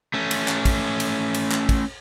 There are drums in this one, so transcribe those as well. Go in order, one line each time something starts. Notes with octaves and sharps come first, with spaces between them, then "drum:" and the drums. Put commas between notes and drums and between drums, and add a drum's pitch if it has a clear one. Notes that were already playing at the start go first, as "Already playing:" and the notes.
A3 C#4
drum: cymbal
drum: clap
drum: kick, cymbal
drum: cymbal
drum: cymbal
drum: clap
drum: kick, cymbal